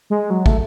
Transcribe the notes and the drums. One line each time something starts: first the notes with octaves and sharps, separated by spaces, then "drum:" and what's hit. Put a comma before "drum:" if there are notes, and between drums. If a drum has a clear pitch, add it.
G#3
F#3
A3, drum: kick